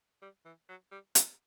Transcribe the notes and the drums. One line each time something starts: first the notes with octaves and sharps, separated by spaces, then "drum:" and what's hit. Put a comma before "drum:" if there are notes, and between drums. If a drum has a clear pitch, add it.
G3
E3
F#3
G3
E3, drum: hi-hat